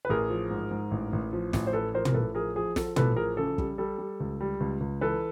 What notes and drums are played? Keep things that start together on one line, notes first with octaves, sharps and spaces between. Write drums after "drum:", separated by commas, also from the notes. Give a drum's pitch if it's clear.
B4
A1 G#4 A#4
F3
G#2
G#2
A1
A1
F3
A1, drum: snare
C5
A1 A4 B4
F3 A#4 C5
A#4, drum: tom
A1 A4 B4
F3 G#4 A#4
F3 G#4
F3 A4, drum: snare
A1 A4 B4, drum: tom
F3 G#4 A#4
C#3 A4
G3, drum: kick
G3 A4
G3
C#2
G3
C#2
C#2
E3 A4 B4